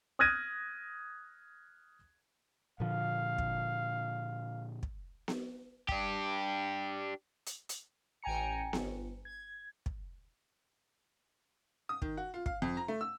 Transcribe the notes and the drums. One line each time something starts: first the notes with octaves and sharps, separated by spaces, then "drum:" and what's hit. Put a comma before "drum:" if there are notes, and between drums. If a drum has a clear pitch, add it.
D#6 F6 F#6 G#6 A#6 D#7
A#2 D3 F3 F5
drum: kick
drum: kick
drum: snare B3
D4 G4, drum: kick
drum: hi-hat
drum: hi-hat
A1 G5 G#5 A#5 C#7
G1, drum: snare B3
G#6
drum: kick
D#6
D#3, drum: kick
F#4
F4
F5, drum: kick
F2
A#5
A3
E6